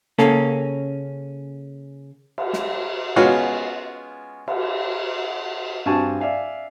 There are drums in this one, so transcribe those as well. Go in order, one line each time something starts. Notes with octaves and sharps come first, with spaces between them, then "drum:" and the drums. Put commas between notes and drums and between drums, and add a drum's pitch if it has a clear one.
C#3 A#3 C#4 A4, drum: snare
drum: cymbal
drum: snare
G#3 B3 C#4 F4 F#4
drum: cymbal
G2 C4 F#4 G#5 A5 C#6
D5 E5 F5 G#5